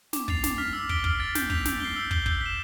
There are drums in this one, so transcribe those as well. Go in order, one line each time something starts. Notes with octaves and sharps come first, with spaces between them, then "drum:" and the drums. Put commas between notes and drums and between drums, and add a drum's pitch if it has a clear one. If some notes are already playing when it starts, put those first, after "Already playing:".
D6, drum: snare
A6 C7 F7, drum: kick
D6, drum: snare
F6 B6 F7
E6
B6 D7 G7, drum: kick
F6, drum: kick
A6 D7
G6, drum: snare
B6 F7, drum: kick
G6, drum: snare
C7 G7
E6
G6 C7 G7, drum: kick
G6, drum: kick
B6 E7